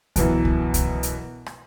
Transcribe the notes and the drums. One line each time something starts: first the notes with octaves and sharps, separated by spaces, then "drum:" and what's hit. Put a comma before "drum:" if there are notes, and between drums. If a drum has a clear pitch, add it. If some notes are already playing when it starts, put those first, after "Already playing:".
F#2 B2 E3 E4, drum: kick C2, hi-hat
drum: kick C2
drum: kick C2, hi-hat
drum: hi-hat
drum: rim click